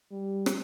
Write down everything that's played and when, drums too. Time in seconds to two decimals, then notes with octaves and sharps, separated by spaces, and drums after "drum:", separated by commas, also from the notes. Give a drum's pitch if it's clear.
0.12 G3
0.46 drum: rim click